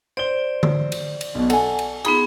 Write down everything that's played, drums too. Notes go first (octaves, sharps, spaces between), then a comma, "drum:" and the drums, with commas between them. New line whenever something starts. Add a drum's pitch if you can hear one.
C5 D5 G7
drum: tom D3
drum: cymbal
drum: cymbal
B1 B2
A4 F#5 G#5, drum: cymbal
drum: cymbal
B3 D#4 F4 G#4 B5 D#6, drum: cymbal